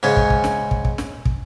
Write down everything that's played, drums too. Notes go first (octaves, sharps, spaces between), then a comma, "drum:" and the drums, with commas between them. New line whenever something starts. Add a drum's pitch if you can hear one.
G#2 C#3 C#4
drum: kick
drum: kick
drum: snare
drum: kick
drum: kick
drum: snare
drum: kick